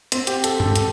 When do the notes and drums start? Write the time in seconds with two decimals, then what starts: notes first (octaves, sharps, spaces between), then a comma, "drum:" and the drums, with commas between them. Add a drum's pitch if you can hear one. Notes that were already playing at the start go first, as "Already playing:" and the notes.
0.12 C4, drum: hi-hat
0.27 G4, drum: hi-hat
0.44 A4, drum: hi-hat
0.60 A4, drum: tom G2
0.76 drum: hi-hat